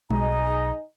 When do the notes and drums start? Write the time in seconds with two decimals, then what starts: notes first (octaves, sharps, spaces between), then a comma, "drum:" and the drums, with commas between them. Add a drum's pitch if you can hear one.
0.10 B1 D#4 G#4 D#5 A#5, drum: tom G3